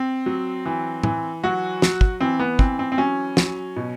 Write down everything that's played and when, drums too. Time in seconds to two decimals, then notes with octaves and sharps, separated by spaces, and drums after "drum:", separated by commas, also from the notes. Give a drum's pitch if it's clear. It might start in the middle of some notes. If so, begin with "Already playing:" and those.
Already playing: C4
0.26 F#3
0.66 E3
1.04 E3, drum: tom
1.44 F#3 F#4
1.82 F#3, drum: snare
2.01 drum: kick
2.20 E3 C4
2.39 B3
2.59 E3 C4, drum: kick
2.79 C4
2.92 C4
2.98 F#3 C#4
3.37 F#3, drum: snare
3.76 B2